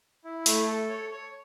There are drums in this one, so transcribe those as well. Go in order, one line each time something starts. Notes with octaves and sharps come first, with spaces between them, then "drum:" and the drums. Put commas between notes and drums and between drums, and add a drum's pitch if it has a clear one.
E4
A3, drum: open hi-hat
A4
C#5
C#5